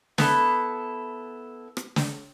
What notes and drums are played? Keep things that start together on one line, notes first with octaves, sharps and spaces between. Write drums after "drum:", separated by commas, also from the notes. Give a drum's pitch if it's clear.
B3 E4 A4, drum: snare
drum: rim click
drum: snare